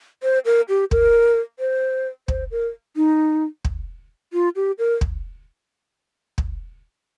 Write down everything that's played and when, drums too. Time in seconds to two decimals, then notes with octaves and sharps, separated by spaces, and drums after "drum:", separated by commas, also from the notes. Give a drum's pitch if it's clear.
0.23 C5
0.45 A#4
0.69 G4
0.91 A#4, drum: kick
1.59 C5
2.28 C5, drum: kick
2.51 A#4
2.96 D#4
3.65 drum: kick
4.33 F4
4.56 G4
4.79 A#4
5.01 drum: kick
6.38 drum: kick